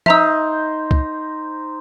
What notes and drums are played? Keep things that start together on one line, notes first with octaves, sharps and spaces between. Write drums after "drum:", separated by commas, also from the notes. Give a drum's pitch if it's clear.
D#4 C5 E5 A#5 E6, drum: tom
drum: kick C2